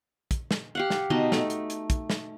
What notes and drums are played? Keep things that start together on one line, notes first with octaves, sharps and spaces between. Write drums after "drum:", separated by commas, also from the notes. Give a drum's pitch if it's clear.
drum: kick, hi-hat
drum: snare
G4 F5 F#5
drum: snare
B2 D#4 D#5 A5, drum: tom D3
A3, drum: snare
drum: hi-hat
drum: hi-hat
drum: kick, hi-hat
drum: snare